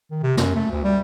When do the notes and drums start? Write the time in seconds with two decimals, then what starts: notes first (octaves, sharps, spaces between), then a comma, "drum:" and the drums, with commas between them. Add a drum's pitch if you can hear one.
0.11 D#3
0.23 C3
0.37 F#2, drum: snare
0.55 A3
0.71 D2
0.84 G3